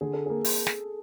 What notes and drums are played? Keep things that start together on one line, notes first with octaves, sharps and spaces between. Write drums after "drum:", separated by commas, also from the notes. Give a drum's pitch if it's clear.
D3 G#4
A4
A#3 G#4
drum: open hi-hat
drum: snare